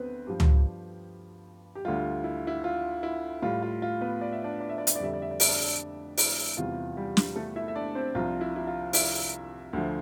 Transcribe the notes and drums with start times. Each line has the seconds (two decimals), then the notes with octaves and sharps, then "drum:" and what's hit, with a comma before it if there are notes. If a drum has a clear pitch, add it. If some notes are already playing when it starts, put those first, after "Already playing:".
Already playing: D2 B3 C4 B4 C5
0.27 G2 F3 G3 G4
0.40 drum: tom C#2
1.75 G4
1.85 D2 D3 G3 F4
2.24 E4
2.47 E4
2.64 F4
3.03 E4
3.42 A2 G3 F4
3.62 F4
3.82 F4
4.01 B3 B4
4.21 D5
4.33 E5
4.44 D4 D5
4.60 D5
4.69 E5
4.78 D5
4.87 E5, drum: hi-hat
4.96 D5
5.00 F2 D3 G3 E5
5.14 D5
5.22 E5
5.31 D5
5.40 E5, drum: open hi-hat
5.48 D4 D5
6.18 E4, drum: open hi-hat
6.57 E2 C3 E3 G3 F4
6.97 G3 G4
7.17 drum: snare
7.36 A3 A4
7.56 E4 E5
7.68 E5
7.75 D4 D5
7.95 C4 C5
8.15 C2 C3 F3 F4
8.41 E4
8.56 E4
8.67 F4
8.93 E4 E5, drum: open hi-hat
9.73 D2 D3 F3